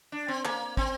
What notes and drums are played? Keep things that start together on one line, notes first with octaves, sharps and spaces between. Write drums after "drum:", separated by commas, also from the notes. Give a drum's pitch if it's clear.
D4
C4
A#3, drum: clap
C4, drum: kick